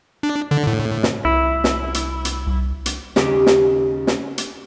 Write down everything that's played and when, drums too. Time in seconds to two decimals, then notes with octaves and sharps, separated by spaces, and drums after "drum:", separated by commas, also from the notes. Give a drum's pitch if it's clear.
0.23 D4
0.51 D3
0.67 A2
1.03 drum: snare
1.25 C2 E4
1.64 drum: snare
1.94 drum: hi-hat
2.25 drum: hi-hat
2.47 C2
2.86 drum: hi-hat
3.16 D#2 C#3 G4, drum: snare
3.46 drum: snare
4.07 drum: snare
4.38 drum: hi-hat